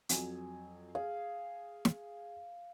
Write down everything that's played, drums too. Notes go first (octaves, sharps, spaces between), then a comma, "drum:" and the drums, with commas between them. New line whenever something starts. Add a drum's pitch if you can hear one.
F2 F#3 G#5, drum: hi-hat
G#4 F5
drum: snare